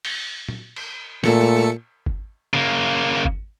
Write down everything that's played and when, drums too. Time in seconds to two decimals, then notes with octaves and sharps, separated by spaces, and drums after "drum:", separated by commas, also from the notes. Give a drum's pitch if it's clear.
0.05 drum: open hi-hat
0.48 drum: tom
0.76 drum: cymbal
1.24 A#2 A3 A4 C#7, drum: snare
2.06 drum: kick
2.54 C#3 A#3
3.25 drum: kick